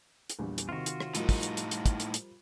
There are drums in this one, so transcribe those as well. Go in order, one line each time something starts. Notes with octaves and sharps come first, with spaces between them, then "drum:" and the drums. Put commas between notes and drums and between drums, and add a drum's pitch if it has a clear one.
drum: hi-hat
A#1 E2 G3
drum: hi-hat
C3 D#3 F4 F#4
drum: hi-hat
drum: rim click
A2 F3 G3 D#4 A#4, drum: hi-hat
drum: kick, open hi-hat
drum: hi-hat
drum: hi-hat
drum: hi-hat
drum: kick, hi-hat
drum: hi-hat
drum: hi-hat